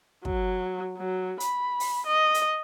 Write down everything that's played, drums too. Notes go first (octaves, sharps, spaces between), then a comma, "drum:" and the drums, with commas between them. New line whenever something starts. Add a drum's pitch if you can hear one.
F#3, drum: kick
F#3
B5, drum: hi-hat
drum: open hi-hat
D#5
drum: hi-hat